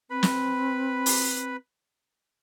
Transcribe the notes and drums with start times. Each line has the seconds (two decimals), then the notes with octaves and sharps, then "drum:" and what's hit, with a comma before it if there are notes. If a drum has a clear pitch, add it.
0.10 C4 B4 B5
0.23 drum: snare
1.06 drum: open hi-hat